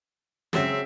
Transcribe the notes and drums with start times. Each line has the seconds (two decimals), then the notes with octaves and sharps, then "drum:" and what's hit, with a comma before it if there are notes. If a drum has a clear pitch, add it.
0.53 C#3 F#3 G#3 C4 E5, drum: snare